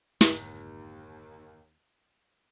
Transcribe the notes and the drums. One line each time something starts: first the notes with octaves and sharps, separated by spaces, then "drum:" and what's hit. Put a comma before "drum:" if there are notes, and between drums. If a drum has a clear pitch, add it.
F1 D#2 G#2 D3, drum: snare